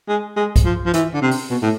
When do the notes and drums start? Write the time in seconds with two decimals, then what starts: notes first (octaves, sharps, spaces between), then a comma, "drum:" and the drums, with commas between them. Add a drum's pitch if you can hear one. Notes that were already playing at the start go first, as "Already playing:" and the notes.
0.08 G#3
0.36 G#3
0.56 drum: kick C2, hi-hat
0.65 F3
0.86 F3
0.93 E3, drum: hi-hat
1.14 D3
1.22 C3
1.31 drum: open hi-hat
1.50 B2
1.62 A2